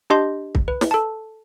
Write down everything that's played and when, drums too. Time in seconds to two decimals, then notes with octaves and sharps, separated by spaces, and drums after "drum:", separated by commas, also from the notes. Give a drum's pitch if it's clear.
0.10 D4 G4 D#5 C6 G6
0.55 drum: kick
0.68 B4
0.81 drum: snare
0.91 A4 A5